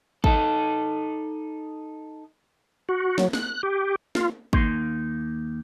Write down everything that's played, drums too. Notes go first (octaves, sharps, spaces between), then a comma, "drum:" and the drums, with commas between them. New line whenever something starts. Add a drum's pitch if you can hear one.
D#4 A4, drum: kick
F#4
F#3, drum: snare
F#6, drum: snare
G4
F4, drum: snare
D#2 A#3 D#4 C6, drum: kick